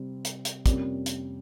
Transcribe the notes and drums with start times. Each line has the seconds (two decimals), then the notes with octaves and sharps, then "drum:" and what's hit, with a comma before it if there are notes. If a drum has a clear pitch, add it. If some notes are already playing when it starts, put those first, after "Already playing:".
Already playing: C3 G3 C4
0.25 drum: hi-hat
0.45 drum: hi-hat
0.66 F2 C3 G3 A#3 C#4, drum: kick, hi-hat
1.06 drum: hi-hat